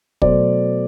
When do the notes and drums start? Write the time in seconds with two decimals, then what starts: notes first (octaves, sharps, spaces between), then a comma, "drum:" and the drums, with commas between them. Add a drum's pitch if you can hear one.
0.22 B2 F#3 A3 C5 D5, drum: kick